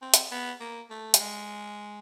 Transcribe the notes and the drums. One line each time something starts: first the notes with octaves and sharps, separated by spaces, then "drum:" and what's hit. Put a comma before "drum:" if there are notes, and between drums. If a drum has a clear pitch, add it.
C4
drum: hi-hat
B3
A#3
A3
G3, drum: hi-hat
G#3